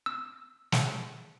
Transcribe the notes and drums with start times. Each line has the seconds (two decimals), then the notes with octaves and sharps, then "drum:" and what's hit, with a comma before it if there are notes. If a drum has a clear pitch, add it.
0.06 E6
0.72 drum: snare